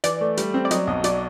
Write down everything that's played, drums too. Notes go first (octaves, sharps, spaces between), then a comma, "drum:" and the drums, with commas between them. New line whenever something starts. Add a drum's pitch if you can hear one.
E3 D5, drum: hi-hat
A3
G3, drum: hi-hat
C4
D5
F#3 D#5, drum: hi-hat
B1 D#5
F#3 D5, drum: hi-hat